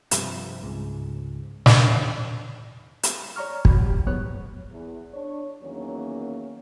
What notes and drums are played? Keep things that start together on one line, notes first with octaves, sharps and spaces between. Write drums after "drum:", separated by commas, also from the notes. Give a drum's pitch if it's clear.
G2 C3 F3, drum: hi-hat
C#2 G#2
E2 D3 D#3, drum: snare
drum: hi-hat
C#5 D5 A#5 C#6 F6
F#4 B5, drum: kick
G4
G#2 F#3 B3 C#5 F#6
E2
D4 C#5
E2 D#3 F#3 A#3 C#4